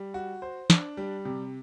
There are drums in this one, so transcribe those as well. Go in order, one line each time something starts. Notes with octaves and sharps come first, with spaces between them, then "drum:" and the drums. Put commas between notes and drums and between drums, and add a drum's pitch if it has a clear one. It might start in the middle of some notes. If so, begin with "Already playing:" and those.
Already playing: G3
F#4
C5
D4, drum: snare
G3
C3